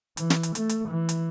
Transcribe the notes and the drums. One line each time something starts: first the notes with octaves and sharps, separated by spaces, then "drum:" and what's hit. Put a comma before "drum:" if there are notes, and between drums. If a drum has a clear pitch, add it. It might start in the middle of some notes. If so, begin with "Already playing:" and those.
E3, drum: hi-hat
drum: snare
drum: hi-hat
A3, drum: hi-hat
drum: hi-hat
E3
drum: hi-hat